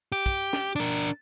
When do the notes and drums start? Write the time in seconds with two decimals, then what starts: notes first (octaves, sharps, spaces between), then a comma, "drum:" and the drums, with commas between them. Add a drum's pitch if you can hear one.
0.12 G4
0.26 drum: kick, hi-hat
0.53 drum: snare
0.76 D4 A#4